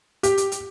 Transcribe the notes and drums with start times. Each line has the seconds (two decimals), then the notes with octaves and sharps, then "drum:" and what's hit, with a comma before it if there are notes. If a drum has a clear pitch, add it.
0.23 G4, drum: hi-hat
0.37 drum: hi-hat
0.52 drum: hi-hat